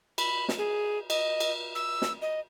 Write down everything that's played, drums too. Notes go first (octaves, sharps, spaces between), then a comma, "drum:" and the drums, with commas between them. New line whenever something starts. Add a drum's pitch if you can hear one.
B5, drum: cymbal
drum: snare
G#4
D#5, drum: cymbal
drum: cymbal
E6
drum: snare
D#5